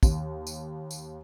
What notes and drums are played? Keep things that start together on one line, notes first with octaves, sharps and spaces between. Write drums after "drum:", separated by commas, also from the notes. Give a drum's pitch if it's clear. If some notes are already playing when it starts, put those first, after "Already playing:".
D#2, drum: kick, tambourine
drum: tambourine
drum: tambourine